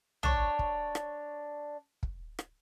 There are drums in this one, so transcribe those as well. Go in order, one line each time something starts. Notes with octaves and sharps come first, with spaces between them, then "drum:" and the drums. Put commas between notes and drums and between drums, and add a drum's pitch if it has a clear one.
D4 C#5, drum: tom
drum: kick
drum: rim click
drum: kick
drum: rim click